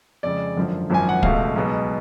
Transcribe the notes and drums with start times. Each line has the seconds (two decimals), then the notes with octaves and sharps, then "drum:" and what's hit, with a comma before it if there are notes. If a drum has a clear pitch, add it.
0.23 F2 C#3 G#3 D5
0.57 G#1 F#2 D3 F3
0.90 G#1 F#2 F3 G#5
1.09 F#5
1.23 C#2 B2 A3 F5, drum: kick
1.56 B1 B2 G#3 B3